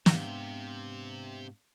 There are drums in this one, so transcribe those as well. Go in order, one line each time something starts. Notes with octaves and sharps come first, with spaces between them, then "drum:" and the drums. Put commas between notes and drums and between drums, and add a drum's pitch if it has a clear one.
G#2 C3 B3 D4 G4 F5, drum: snare